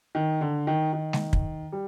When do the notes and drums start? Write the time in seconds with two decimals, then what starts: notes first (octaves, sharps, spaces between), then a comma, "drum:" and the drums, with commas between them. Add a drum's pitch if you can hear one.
0.15 D#3
0.41 D3
0.67 D#3
0.93 D#3
1.13 drum: snare G#3
1.33 drum: kick
1.72 G3